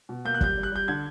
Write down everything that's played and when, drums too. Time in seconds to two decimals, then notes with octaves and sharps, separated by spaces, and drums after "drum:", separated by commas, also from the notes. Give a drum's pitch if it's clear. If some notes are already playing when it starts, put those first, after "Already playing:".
0.09 B2
0.25 A#3 G6
0.34 F#6
0.41 G3 G6, drum: kick
0.57 G3
0.63 F#6
0.72 G3 G6
0.88 D3 G#6